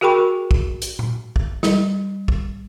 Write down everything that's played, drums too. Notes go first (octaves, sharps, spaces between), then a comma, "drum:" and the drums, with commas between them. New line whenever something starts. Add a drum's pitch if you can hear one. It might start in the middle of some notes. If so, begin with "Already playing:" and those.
F#4 G#4 A#4 G5 B5 C#6
drum: kick
drum: hi-hat
drum: tom A#2
drum: kick
G3, drum: snare
drum: kick